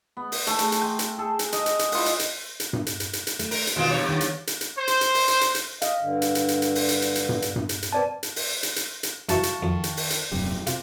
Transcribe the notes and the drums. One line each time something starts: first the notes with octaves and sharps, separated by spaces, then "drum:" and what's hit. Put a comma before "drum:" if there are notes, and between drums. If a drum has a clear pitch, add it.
B3
drum: open hi-hat
A3 G#4 A4, drum: hi-hat
drum: hi-hat
drum: hi-hat
G5 C6
drum: hi-hat
G#4 A4
drum: hi-hat
D#5 A#5, drum: hi-hat
drum: hi-hat
drum: hi-hat
E4 F4 D#5 F#5, drum: open hi-hat
drum: hi-hat
drum: hi-hat
drum: hi-hat
drum: tom G2
drum: hi-hat
drum: hi-hat
drum: hi-hat
drum: hi-hat
A3, drum: hi-hat
A#4, drum: open hi-hat
drum: hi-hat
B2 D#3 E3 G#3 C4 F4
E2 G2 C#5
D#3 B3
drum: hi-hat
drum: hi-hat
drum: hi-hat
C5
drum: hi-hat
drum: hi-hat
drum: open hi-hat
drum: hi-hat
drum: hi-hat
drum: hi-hat
D#5 F5, drum: hi-hat
G2 D3
drum: hi-hat
drum: hi-hat
drum: hi-hat
drum: hi-hat
drum: open hi-hat
drum: hi-hat
drum: hi-hat
drum: hi-hat
drum: tom G2
drum: hi-hat
drum: tom G2
drum: hi-hat
drum: hi-hat
C3 C4 B4 D5 A5
drum: hi-hat
drum: open hi-hat
drum: hi-hat
drum: hi-hat
drum: hi-hat
F#2 E3 F5 A5 C#6, drum: hi-hat
drum: hi-hat
F2 D#3
drum: hi-hat
drum: open hi-hat
drum: hi-hat
D#1 F#2 C3 G4
C3 F4, drum: hi-hat